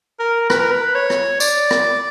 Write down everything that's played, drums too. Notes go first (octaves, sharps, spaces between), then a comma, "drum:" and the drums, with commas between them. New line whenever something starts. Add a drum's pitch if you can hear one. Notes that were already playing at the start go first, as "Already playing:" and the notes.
A#4
B4, drum: rim click
A#4
B4
C#5
drum: rim click
D5, drum: tambourine
drum: rim click